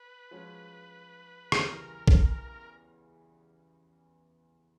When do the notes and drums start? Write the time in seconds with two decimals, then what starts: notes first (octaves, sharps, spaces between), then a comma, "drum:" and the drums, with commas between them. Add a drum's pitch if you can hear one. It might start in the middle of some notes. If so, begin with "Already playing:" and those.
Already playing: B4
0.31 F3 G#3 C#4 F#4
1.52 E2 C#3 E3 G3 A#4, drum: rim click
2.08 drum: kick A#1